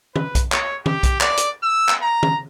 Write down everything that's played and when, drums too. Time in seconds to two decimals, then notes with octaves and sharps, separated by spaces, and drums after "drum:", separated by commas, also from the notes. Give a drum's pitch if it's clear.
0.16 B4, drum: tom D#3
0.35 drum: kick B1, hi-hat
0.52 C#5, drum: clap
0.86 G4, drum: tom D#3
1.03 drum: kick B1, hi-hat
1.21 D5, drum: clap
1.37 drum: hi-hat
1.63 E6
1.89 drum: clap
2.02 A#5
2.23 drum: tom D#3